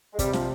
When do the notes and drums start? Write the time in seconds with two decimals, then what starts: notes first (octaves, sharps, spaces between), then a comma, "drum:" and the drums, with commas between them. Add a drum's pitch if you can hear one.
0.13 G#3
0.19 C3 G3, drum: kick, hi-hat
0.33 F3, drum: snare